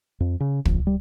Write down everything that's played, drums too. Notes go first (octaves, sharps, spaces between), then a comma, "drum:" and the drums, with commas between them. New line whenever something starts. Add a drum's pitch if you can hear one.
F2
C#3
A#1, drum: kick
G3